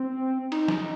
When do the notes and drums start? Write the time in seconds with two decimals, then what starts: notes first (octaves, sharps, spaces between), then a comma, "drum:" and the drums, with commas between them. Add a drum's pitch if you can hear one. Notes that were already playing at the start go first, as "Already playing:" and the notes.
Already playing: C4
0.52 D#4, drum: cymbal
0.68 drum: snare